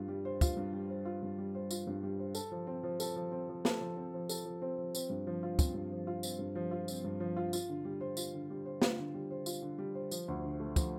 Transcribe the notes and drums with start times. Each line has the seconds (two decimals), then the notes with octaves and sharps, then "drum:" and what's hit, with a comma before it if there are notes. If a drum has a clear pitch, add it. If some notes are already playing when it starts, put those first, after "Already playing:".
Already playing: G2 F4
0.08 G3
0.25 C5
0.41 F4, drum: kick, tambourine
0.57 G2
0.73 G3
0.90 C5
1.05 F4
1.23 G2
1.38 G3
1.55 C5
1.71 F4, drum: tambourine
1.87 G2
2.03 G3
2.19 C5
2.35 A4, drum: tambourine
2.52 F3
2.67 C4
2.83 F3
3.00 A4, drum: tambourine
3.16 F3
3.32 C4
3.49 F3
3.65 A4, drum: snare
3.81 F3
3.97 C4
4.14 F3
4.29 A4, drum: tambourine
4.45 F3
4.62 C4
4.78 F3
4.95 C4, drum: tambourine
5.10 G2
5.27 F3
5.43 F4
5.59 C4, drum: kick, tambourine
5.75 G2
5.92 F3
6.07 F4
6.23 C4, drum: tambourine
6.39 G2
6.55 F3
6.71 F4
6.88 C4, drum: tambourine
7.04 G2
7.20 F3
7.37 F4
7.53 F4, drum: tambourine
7.69 D3
7.85 G3
8.01 C5
8.17 F4, drum: tambourine
8.34 D3
8.50 G3
8.66 C5
8.82 F4, drum: snare
8.99 D3
9.14 G3
9.31 C5
9.46 F4, drum: tambourine
9.62 D3
9.78 G3
9.95 C5
10.11 F3, drum: tambourine
10.28 D2
10.44 D3
10.60 A3
10.76 F3, drum: kick, tambourine